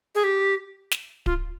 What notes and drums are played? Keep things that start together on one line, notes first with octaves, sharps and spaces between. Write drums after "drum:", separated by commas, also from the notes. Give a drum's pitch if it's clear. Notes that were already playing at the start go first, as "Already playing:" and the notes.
G#4
G4
drum: snare
F4, drum: kick D1